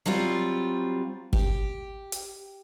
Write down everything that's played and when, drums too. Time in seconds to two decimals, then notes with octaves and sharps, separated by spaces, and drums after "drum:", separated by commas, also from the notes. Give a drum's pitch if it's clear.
0.06 F#3 G3 C4 F4
1.33 G4, drum: kick G1
2.12 drum: hi-hat